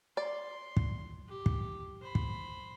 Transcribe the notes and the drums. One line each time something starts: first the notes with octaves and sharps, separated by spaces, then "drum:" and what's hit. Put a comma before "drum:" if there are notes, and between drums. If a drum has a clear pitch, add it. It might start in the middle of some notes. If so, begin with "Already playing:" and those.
D5 C6
drum: kick
G4
drum: kick
C5 B5
drum: kick